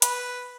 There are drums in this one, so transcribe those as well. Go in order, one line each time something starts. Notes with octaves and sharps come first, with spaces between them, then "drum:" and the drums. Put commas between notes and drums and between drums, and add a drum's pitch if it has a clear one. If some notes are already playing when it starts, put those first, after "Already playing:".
B4, drum: hi-hat